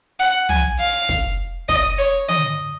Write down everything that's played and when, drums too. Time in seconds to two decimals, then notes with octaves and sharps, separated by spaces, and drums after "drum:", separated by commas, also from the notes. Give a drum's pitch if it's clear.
0.20 F#5
0.49 G#5, drum: tom
0.79 F5
1.09 drum: kick, hi-hat
1.69 D#5, drum: kick, hi-hat
1.98 C#5
2.29 D#5, drum: tom D3